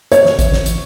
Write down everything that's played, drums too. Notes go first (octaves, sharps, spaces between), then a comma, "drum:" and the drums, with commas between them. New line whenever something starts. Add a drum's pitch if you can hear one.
C#5, drum: hi-hat
drum: snare
drum: kick G#1, hi-hat
drum: snare
drum: hi-hat